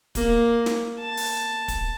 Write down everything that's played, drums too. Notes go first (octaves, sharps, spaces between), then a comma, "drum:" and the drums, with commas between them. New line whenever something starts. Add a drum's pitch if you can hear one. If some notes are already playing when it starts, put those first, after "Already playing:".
A#3, drum: kick, hi-hat
drum: snare
A5
drum: open hi-hat
drum: kick, hi-hat